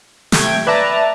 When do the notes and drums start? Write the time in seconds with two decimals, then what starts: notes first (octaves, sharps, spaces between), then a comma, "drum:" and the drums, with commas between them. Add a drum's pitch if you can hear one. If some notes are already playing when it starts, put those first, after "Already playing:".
0.32 C3 A3 G5 G#6, drum: snare
0.67 B4 D5 E5 A5 A#5